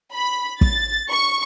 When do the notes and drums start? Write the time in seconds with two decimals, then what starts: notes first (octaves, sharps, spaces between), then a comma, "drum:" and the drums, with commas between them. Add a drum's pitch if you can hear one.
0.12 B5
0.61 A6, drum: kick
1.09 C#6